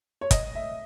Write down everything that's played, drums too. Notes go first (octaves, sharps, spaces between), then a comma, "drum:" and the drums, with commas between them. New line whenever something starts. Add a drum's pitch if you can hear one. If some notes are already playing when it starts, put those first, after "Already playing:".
C#5
D#5, drum: kick, hi-hat
E5